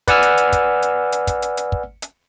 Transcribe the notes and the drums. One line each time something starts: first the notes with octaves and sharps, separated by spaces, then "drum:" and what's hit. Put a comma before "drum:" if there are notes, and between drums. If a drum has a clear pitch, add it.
B4 D5 F#5 G#5 E6 F6, drum: kick, hi-hat
drum: hi-hat
drum: hi-hat
drum: kick, hi-hat
drum: hi-hat
drum: hi-hat
drum: kick, hi-hat
drum: hi-hat
drum: hi-hat
drum: kick
drum: hi-hat